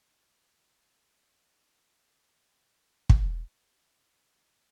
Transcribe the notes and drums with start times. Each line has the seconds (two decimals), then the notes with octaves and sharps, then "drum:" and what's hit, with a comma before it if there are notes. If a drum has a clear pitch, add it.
0.14 E6
0.51 C4
0.80 A#4
1.16 F#6
1.48 A#4
1.83 D#5
3.10 drum: kick
4.11 D#4 G#4 E5